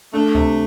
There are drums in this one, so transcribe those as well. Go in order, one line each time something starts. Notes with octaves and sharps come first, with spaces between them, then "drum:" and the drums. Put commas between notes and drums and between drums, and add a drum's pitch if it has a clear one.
A3 D4
C3, drum: tom C#2